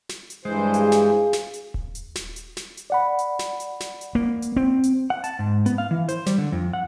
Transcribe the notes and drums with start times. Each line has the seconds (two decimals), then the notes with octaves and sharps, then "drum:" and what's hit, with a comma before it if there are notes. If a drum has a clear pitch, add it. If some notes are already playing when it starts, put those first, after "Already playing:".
0.09 drum: snare
0.30 drum: hi-hat
0.45 G2 E3 G#3 C5
0.74 G#4 F5 G#5, drum: hi-hat
0.92 drum: snare
1.33 drum: snare
1.54 drum: hi-hat
1.74 drum: kick D#1
1.95 drum: hi-hat
2.15 drum: snare
2.36 drum: hi-hat
2.57 drum: snare
2.77 drum: hi-hat
2.90 D5 F#5 B5
3.19 drum: hi-hat
3.39 drum: snare
3.60 drum: hi-hat
3.80 drum: snare
4.01 drum: hi-hat
4.15 A#3
4.42 drum: hi-hat
4.56 C4
4.83 drum: hi-hat
5.10 F#5
5.24 A5, drum: hi-hat
5.39 G#2
5.66 B3, drum: hi-hat
5.78 F5
5.91 E3
6.09 C5, drum: hi-hat
6.26 G3, drum: snare
6.38 D3
6.52 F2
6.73 F#5